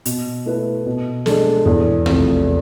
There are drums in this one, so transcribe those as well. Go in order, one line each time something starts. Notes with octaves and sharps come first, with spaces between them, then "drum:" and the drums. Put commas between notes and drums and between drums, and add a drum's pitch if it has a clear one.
B2, drum: hi-hat
A3 E4 B4
B2
G#3 D4 A4, drum: snare
E2
C3 F3 A3, drum: tom